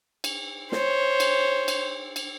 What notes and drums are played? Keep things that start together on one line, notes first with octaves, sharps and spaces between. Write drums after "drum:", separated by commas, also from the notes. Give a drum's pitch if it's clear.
drum: cymbal
C5 C#5, drum: snare
drum: cymbal
drum: cymbal
drum: cymbal